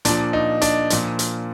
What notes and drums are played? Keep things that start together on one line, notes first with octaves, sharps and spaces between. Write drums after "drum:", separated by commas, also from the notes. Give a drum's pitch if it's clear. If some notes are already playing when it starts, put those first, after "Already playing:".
A#2 F3 D4, drum: hi-hat
D#4
D4, drum: hi-hat
A#2 F3, drum: hi-hat
drum: hi-hat